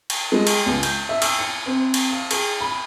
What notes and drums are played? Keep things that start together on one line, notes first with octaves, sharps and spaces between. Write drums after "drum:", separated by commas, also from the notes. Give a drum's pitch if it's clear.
drum: cymbal
G#3
drum: cymbal
C#2
G6, drum: cymbal
E5
E6, drum: cymbal
C#7
C4
drum: cymbal
F5
G#4, drum: cymbal
B5